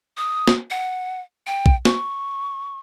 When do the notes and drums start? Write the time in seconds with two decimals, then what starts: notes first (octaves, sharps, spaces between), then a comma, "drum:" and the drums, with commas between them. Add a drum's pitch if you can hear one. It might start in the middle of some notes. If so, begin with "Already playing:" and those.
0.17 D#6
0.48 drum: snare
0.70 F#5
1.47 G5
1.66 drum: kick
1.85 C#6, drum: snare